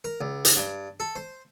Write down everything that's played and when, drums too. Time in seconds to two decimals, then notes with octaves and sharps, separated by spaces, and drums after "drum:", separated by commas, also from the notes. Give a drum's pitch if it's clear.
0.04 A#4
0.21 C#2
0.45 drum: hi-hat
0.56 G2
1.00 A4
1.16 C5